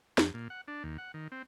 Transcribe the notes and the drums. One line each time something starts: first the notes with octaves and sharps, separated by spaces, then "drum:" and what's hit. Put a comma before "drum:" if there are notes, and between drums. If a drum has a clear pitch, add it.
F2, drum: snare
A#2
F#5
D4
D#2
F#5
D#3
C4